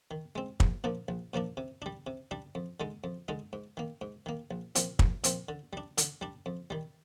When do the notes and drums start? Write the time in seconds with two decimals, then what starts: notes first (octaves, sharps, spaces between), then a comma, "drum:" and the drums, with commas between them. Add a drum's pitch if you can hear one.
0.11 D#3
0.35 G#3 C4
0.60 A#1, drum: kick
0.84 A#2 F3 A#3 D4
1.08 A#1
1.34 A#2 F3 A#3 D4
1.57 C3
1.82 G3 D4
2.07 C3
2.31 G3 D4
2.55 F2
2.80 D3 G#3 D#4
3.04 F2
3.28 D3 G#3 D#4
3.53 G#2
3.77 D#3 A#3
4.01 G#2
4.26 D#3 A#3
4.51 A#1
4.75 A#2 F3 C4, drum: hi-hat
4.99 A#1, drum: kick
5.24 A#2 F3 C4, drum: hi-hat
5.49 D3
5.73 G3 D4
5.98 D3, drum: hi-hat
6.21 G3 D4
6.46 F2
6.70 D#3 G3